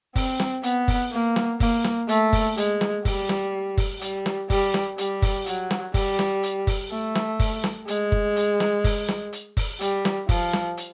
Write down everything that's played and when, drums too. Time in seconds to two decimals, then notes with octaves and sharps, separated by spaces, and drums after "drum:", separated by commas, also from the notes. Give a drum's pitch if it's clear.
0.16 C4, drum: kick F#1, open hi-hat
0.40 drum: snare
0.63 B3, drum: hi-hat
0.88 drum: kick F#1, open hi-hat
1.12 A#3
1.36 drum: snare
1.60 A#3, drum: kick F#1, open hi-hat
1.84 drum: snare
2.09 A3, drum: hi-hat
2.33 drum: kick F#1, open hi-hat
2.57 G#3, drum: hi-hat
2.81 drum: snare
3.05 G3, drum: kick F#1, open hi-hat
3.29 drum: snare
3.77 drum: kick F#1, open hi-hat
4.01 G3, drum: hi-hat
4.26 drum: snare
4.50 G3, drum: kick F#1, open hi-hat
4.74 drum: snare
4.98 G3, drum: hi-hat
5.22 drum: kick F#1, open hi-hat
5.46 F#3, drum: hi-hat
5.71 drum: snare
5.94 G3, drum: kick F#1, open hi-hat
6.19 drum: snare
6.43 drum: hi-hat
6.67 drum: kick F#1, open hi-hat
6.91 A3
7.15 drum: snare
7.39 drum: kick F#1, open hi-hat
7.64 drum: snare
7.88 G#3, drum: hi-hat
8.12 drum: kick F#1
8.36 drum: hi-hat
8.60 drum: snare
8.84 drum: kick F#1, open hi-hat
9.08 drum: snare
9.33 drum: hi-hat
9.57 drum: kick F#1, open hi-hat
9.81 G3, drum: hi-hat
10.05 drum: snare
10.29 F3, drum: kick F#1, open hi-hat
10.53 drum: snare
10.77 drum: hi-hat